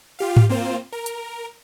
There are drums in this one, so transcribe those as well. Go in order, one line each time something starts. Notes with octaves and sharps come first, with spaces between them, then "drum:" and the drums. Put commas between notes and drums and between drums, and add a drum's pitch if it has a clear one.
F4 G4 F5
drum: tom G#2
A#3 C4 F4 C5
A#4
drum: hi-hat